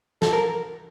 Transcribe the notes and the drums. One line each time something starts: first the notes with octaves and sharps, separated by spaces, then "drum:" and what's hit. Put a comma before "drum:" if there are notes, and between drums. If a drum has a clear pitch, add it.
A4, drum: snare
A#4